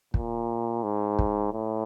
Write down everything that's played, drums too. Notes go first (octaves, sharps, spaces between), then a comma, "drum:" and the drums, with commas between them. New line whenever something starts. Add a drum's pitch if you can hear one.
A#2, drum: kick
G#2
drum: kick
A2